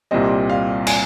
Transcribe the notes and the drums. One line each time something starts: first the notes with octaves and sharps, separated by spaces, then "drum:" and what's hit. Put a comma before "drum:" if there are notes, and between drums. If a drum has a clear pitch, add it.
C2 A#2 G3 C4 D#5
F5
G#5, drum: cymbal